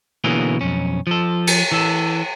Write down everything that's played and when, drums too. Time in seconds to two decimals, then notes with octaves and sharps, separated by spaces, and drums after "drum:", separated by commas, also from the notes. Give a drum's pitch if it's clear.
0.24 B2 D3 E3 A#3 C#4 G#4
0.61 B1 F2 C#4
1.07 F3 A4
1.47 drum: cymbal
1.72 E3 A4